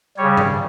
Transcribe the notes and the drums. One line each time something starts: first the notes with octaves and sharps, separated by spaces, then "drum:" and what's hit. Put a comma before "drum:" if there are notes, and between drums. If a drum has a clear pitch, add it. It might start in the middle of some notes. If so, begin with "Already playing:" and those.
C#3 G3 C#5
drum: tom G2